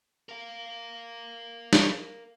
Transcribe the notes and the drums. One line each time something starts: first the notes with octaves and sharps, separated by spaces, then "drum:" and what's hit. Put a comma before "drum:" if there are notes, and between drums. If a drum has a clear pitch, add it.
A#4 F5
drum: snare